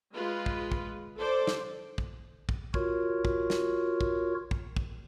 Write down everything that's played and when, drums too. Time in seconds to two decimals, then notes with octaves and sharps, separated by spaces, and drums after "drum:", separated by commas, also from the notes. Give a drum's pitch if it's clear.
0.13 G#3 F4 B4
0.46 drum: kick
0.72 drum: kick
1.17 A4 C5 D5
1.47 drum: snare
1.98 drum: kick
2.49 drum: kick
2.74 F4 F#4 A#4 C#5, drum: kick
3.25 drum: kick
3.50 drum: snare
4.01 drum: kick
4.51 drum: kick
4.76 drum: kick